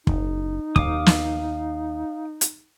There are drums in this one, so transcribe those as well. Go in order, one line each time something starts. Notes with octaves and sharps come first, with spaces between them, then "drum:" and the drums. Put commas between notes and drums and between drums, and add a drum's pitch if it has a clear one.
F#1 D#4, drum: kick
D#2 F5 D6 D#6, drum: kick
drum: snare
drum: hi-hat